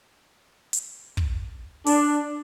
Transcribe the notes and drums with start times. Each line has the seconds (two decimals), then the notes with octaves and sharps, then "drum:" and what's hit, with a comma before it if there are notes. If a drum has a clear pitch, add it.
0.73 drum: hi-hat
1.17 drum: kick
1.86 D4, drum: open hi-hat